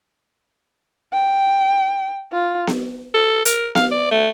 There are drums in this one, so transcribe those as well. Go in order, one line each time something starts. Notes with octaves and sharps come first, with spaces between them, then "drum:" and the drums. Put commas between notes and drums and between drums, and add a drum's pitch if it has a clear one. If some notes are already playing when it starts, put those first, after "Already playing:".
G5
F4
drum: snare B3
A4
A#4, drum: hi-hat
F5, drum: snare B3
D5
A3